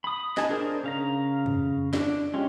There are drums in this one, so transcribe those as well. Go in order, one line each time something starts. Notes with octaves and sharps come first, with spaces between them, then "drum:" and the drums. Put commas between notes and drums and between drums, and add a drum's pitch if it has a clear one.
B5 D#6
D#5 G#5 A5, drum: snare
D4 G#4 A#4 C5
C#3 F5 A#5
drum: tom F2
D4, drum: snare
G#3 C#4 F4 G4